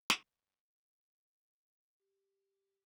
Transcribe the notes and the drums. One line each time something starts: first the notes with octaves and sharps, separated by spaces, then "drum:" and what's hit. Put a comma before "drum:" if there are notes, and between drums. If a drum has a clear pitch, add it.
drum: snare
G4